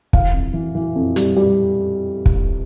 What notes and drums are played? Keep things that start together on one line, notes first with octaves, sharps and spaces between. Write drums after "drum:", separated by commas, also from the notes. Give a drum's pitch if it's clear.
E3 F5, drum: kick
F2
E3
E3
F2
G3, drum: hi-hat
G3
drum: kick